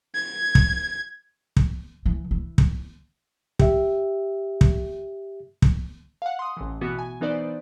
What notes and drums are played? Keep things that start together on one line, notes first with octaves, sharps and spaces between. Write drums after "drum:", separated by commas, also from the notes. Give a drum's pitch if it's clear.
G#6
drum: kick
drum: kick
E3
E3
drum: kick
G4 E5, drum: kick
drum: kick
drum: kick
F5 F#5
C6 D#6
A1 E3
B2 E3 B3 F#4
G#5
E3 B3 D#4 B4 C5 D5